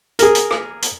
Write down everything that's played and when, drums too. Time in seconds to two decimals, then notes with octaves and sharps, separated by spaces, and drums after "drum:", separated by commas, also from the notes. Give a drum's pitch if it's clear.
0.19 G#4 A#4, drum: hi-hat
0.35 drum: hi-hat
0.51 drum: rim click
0.82 drum: hi-hat